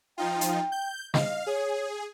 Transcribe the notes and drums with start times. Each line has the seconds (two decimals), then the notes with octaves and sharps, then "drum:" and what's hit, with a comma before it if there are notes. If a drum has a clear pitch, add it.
0.18 F3 D#4 F4 G5
0.41 drum: hi-hat
0.72 G6
1.14 D#5 F5, drum: snare
1.47 G#4 C#5